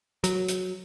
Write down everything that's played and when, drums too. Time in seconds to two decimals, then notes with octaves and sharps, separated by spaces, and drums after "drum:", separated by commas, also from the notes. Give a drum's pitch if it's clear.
0.24 F#3, drum: hi-hat
0.48 drum: hi-hat